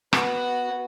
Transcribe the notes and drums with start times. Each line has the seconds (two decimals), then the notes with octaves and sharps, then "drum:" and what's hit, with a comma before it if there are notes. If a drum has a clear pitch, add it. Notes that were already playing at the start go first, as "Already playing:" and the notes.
0.13 B3 F#4, drum: rim click